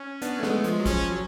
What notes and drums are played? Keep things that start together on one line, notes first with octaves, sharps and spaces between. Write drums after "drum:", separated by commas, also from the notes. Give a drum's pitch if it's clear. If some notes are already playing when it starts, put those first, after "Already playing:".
Already playing: C#4
B3 D4, drum: hi-hat
A3
G#3 B3, drum: snare
A3
F3 G#3, drum: hi-hat
F#3
F3 C#4, drum: kick A1, hi-hat
F#3